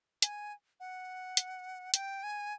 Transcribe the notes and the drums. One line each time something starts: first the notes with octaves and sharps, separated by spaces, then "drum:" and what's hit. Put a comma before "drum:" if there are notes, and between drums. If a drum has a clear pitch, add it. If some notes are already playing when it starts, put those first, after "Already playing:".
G#5, drum: hi-hat
F#5
drum: hi-hat
G5, drum: hi-hat
G#5